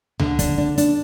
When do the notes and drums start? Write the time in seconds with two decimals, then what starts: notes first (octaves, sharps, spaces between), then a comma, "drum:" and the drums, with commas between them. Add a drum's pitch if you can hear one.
0.19 D3, drum: tom C#2
0.39 D4, drum: kick, hi-hat
0.58 D4
0.78 D4, drum: hi-hat